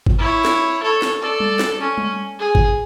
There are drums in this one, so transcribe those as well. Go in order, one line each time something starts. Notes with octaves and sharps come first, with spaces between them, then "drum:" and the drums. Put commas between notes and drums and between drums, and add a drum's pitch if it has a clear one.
drum: kick
E4 C#5
drum: snare
A4 C#5
drum: snare
A4 D5
drum: tom G3
drum: snare
C#4
drum: tom G3
G#4
drum: kick